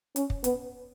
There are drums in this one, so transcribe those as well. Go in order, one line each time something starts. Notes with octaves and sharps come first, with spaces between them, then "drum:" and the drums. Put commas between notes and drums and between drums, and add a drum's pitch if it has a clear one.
C#4, drum: hi-hat
drum: kick
B3, drum: hi-hat